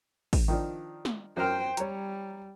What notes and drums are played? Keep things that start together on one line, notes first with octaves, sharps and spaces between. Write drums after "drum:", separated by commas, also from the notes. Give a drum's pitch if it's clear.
drum: kick A1, open hi-hat
D#3 F3 D4
drum: snare
F#2 A#4 C5 G5 F6
G3 C#5 A#5, drum: hi-hat